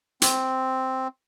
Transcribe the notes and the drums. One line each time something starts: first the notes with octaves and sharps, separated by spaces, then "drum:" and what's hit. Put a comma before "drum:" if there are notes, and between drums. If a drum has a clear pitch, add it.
C4, drum: hi-hat